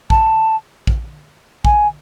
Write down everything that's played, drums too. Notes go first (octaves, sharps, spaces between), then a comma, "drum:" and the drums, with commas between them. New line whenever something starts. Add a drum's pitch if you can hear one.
A5, drum: kick A#1
drum: kick A#1
G#5, drum: kick A#1